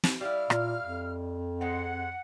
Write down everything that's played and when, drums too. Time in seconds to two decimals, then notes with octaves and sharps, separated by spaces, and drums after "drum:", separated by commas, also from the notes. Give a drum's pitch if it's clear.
0.04 drum: snare
0.21 G3 E4 F5 F6
0.50 A#2, drum: rim click
0.83 F2
1.61 G#3 C4 F#5